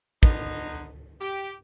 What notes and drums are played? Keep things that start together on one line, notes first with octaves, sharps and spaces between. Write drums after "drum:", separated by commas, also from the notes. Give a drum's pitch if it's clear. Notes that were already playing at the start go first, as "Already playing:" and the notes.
D3 B3 D#4, drum: kick
G4